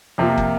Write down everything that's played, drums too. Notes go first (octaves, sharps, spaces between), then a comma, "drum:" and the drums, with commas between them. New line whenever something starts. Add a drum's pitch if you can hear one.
F2 C3 F3 A#3
drum: kick